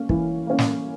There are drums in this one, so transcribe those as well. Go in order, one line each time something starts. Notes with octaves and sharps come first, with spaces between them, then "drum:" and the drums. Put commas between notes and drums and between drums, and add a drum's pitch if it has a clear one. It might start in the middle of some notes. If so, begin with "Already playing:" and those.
Already playing: A#3 C#4
E3, drum: kick
A#3 C#4
drum: snare